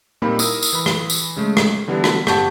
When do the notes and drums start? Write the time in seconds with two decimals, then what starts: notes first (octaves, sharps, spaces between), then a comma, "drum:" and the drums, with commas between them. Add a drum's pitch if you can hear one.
0.22 A#2 G3 A#3 C4 D#4 B5
0.39 E4 A#4 D#6 E6, drum: tambourine
0.63 drum: tambourine
0.73 E3 B5
0.86 drum: rim click
1.10 drum: tambourine
1.36 C#3 G#3 A3
1.57 drum: rim click
1.88 D3 E3 G3 B3 D4 E4
2.04 drum: rim click
2.27 G1 G4 F#5 A5 C#6 G6, drum: rim click